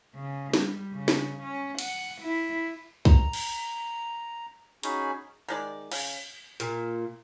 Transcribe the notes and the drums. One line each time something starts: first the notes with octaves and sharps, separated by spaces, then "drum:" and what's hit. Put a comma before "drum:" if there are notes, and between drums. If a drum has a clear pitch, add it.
C#3
G3, drum: snare
C#3
drum: snare
C#4
F#5, drum: cymbal
E4
A#5, drum: kick B1
drum: cymbal
C#4 D#4 F#4 G#4 G#5 B5, drum: hi-hat
D#3 G#3 D5
C#3, drum: cymbal
A#2, drum: hi-hat